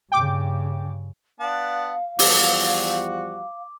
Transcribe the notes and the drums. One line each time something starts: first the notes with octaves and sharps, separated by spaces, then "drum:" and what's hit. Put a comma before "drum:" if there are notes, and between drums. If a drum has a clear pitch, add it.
G2 C#3 G5 D6
B3 D4 F5 A5
E2 F3 G3 F#4 D6, drum: open hi-hat